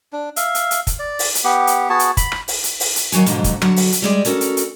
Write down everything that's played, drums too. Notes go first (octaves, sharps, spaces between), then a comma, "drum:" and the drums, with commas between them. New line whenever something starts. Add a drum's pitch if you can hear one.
D4
E5 F5, drum: hi-hat
drum: hi-hat
drum: hi-hat
drum: kick, hi-hat
D5
drum: open hi-hat
drum: hi-hat
B3 G4
drum: hi-hat
B3 F#4 G#4 A5
drum: hi-hat
B5, drum: kick, hi-hat
drum: rim click
drum: open hi-hat
drum: hi-hat
drum: open hi-hat
drum: hi-hat
D#3 F#3 C#5 G#5, drum: hi-hat
F2 G#2 B2 D3 F#3, drum: hi-hat
drum: kick, hi-hat
D3 F#3, drum: rim click
drum: open hi-hat
drum: hi-hat
G3 G#3 D5
C#4 F#4 A4 A#4, drum: hi-hat
drum: hi-hat
drum: hi-hat